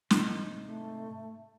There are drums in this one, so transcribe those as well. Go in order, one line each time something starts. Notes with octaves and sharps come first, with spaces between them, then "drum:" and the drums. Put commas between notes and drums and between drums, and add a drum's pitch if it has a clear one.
G#2 C3 D#4, drum: snare
A3